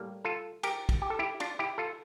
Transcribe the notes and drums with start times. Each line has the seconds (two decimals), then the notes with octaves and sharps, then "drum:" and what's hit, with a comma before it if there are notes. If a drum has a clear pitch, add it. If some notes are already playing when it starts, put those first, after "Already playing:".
Already playing: A2 G3 A#3
0.25 F4 A4
0.63 G4 A#4, drum: cymbal
0.89 drum: kick, cymbal
1.02 G4
1.10 A4
1.19 E4 G4
1.40 D4 F4, drum: cymbal
1.59 E4 G4
1.78 F4 A4